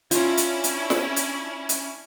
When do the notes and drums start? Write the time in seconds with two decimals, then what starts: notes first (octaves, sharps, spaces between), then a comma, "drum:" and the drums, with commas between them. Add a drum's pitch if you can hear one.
0.11 C#4 D4 E4 F4 A#5, drum: hi-hat
0.37 drum: hi-hat
0.64 drum: hi-hat
0.90 drum: snare
1.16 drum: hi-hat
1.69 drum: hi-hat